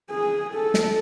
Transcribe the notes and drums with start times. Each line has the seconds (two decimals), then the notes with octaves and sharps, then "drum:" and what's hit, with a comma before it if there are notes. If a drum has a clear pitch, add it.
0.11 G#4
0.55 A4
0.74 drum: snare